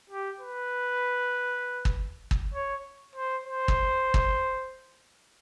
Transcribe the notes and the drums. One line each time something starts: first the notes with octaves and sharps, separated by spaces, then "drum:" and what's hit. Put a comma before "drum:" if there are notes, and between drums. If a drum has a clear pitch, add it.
G4
B4
drum: kick
drum: kick
C#5
C5
C5
drum: kick
drum: kick